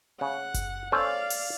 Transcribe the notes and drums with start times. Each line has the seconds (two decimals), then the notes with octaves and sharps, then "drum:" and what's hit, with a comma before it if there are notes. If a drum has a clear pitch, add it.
0.21 C#3 F#5
0.54 drum: kick F#1, hi-hat
0.92 C#4 A4 C5 D5 F5
1.30 drum: open hi-hat